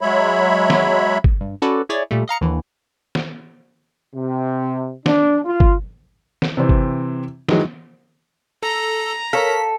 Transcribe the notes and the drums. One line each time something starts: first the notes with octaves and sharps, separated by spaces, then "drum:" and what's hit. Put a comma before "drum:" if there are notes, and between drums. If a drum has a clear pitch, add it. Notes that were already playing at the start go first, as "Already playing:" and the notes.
F#3 G#3 C#5 E5 B5
drum: snare
drum: kick G1
G2
C#4 F#4 A4 B4 D5
E4 G#4 C#5 D5
A#2 G3 A3
D#5 F5 A#5 C#7
D#2 D3 E3
drum: snare
C3
D4, drum: snare
F4
drum: kick G1
drum: snare
C3 E3 C4
drum: kick G1
D#3 E3 F#3 G#3, drum: snare
A4 A#5
A4 A#4 C#5 F5 B6